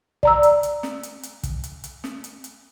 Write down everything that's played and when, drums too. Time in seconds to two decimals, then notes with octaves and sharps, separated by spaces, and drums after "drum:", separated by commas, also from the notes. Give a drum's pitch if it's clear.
0.23 D5 A#5 E6, drum: kick
0.43 drum: hi-hat
0.63 drum: hi-hat
0.83 drum: snare
1.03 drum: hi-hat
1.23 drum: hi-hat
1.43 drum: kick, hi-hat
1.64 drum: hi-hat
1.84 drum: hi-hat
2.04 drum: snare
2.24 drum: hi-hat
2.44 drum: hi-hat